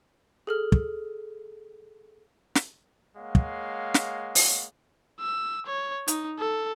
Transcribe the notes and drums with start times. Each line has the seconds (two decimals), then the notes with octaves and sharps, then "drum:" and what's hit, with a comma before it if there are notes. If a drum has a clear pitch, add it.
0.47 G#4 A4 F6
0.72 drum: kick
2.55 drum: snare
3.16 G#3 A#3 C#5 F5 F#5
3.35 drum: kick
3.94 drum: snare
4.35 drum: open hi-hat
5.20 E6
5.66 C#5
6.08 D#4, drum: hi-hat
6.39 A4